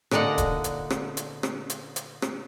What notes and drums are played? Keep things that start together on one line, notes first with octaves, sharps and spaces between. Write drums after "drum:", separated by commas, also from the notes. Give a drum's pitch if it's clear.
A#2 D3 D4 D#4 F#5, drum: rim click
drum: kick, hi-hat
drum: hi-hat
drum: rim click
drum: hi-hat
drum: rim click
drum: hi-hat
drum: hi-hat
drum: rim click